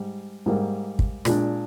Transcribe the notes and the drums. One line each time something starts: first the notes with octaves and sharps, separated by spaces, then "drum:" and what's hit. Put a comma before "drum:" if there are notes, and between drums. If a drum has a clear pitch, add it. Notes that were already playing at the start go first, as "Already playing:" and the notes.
Already playing: G#2 G3
G#2 G3 A#3
drum: kick
A#2 G#3 D4, drum: rim click